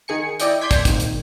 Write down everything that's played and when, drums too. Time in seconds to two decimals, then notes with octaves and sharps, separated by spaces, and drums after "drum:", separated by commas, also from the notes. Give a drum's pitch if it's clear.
0.08 D#3 G#4 G#5 C#7
0.40 E4 D5 D#5 G5, drum: hi-hat
0.61 D5 C6 G6 G#6 B6
0.71 drum: kick, hi-hat
0.85 G#1 A#2 D#3, drum: kick, hi-hat
1.00 drum: hi-hat